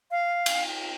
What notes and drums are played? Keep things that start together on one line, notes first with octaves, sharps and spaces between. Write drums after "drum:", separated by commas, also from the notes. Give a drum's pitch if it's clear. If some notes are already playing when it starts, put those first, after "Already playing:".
F5
drum: cymbal